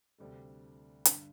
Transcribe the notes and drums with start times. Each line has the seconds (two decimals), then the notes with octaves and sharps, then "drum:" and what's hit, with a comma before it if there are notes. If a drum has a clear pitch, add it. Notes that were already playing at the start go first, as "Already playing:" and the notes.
0.19 D2 C3 G3 D4 A4
1.05 G2 D3, drum: hi-hat